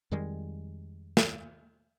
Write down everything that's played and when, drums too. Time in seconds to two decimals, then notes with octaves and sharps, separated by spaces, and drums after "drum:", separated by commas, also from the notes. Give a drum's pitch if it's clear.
0.11 F2 D#3 G3 G#3
1.17 drum: snare